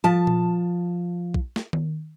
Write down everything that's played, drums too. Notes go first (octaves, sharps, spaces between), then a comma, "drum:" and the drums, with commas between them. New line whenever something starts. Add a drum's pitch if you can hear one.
F3 A5
drum: tom A#2
drum: kick
drum: snare
drum: tom D#3